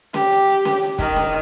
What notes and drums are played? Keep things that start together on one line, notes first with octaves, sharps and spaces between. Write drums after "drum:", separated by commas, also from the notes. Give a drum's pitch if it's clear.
G4, drum: snare C#4
drum: hi-hat
drum: hi-hat
drum: snare C#4
drum: hi-hat
D#3, drum: kick F1, hi-hat
drum: snare C#4